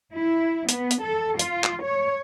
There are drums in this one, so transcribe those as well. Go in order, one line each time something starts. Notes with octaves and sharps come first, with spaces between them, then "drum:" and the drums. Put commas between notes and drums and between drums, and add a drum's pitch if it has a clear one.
E4
B3, drum: hi-hat
drum: hi-hat
A4
F4, drum: hi-hat
drum: clap
C#5